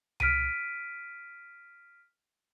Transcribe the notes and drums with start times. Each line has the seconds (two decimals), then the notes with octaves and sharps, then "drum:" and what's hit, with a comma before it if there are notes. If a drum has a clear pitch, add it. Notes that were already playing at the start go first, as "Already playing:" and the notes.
0.20 F6 B6 D7 D#7, drum: tom C2